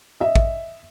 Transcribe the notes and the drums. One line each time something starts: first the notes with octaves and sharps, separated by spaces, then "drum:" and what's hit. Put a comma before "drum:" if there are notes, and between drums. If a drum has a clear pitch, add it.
D#5 E5
drum: kick